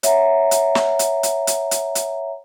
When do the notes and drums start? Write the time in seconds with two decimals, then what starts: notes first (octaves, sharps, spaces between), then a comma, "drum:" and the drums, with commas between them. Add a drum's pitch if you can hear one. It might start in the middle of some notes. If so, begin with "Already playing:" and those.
0.03 C#5 E5 F#5 A#5, drum: hi-hat
0.51 drum: hi-hat
0.75 drum: snare
0.99 drum: hi-hat
1.23 drum: hi-hat
1.47 drum: hi-hat
1.71 drum: hi-hat
1.95 drum: hi-hat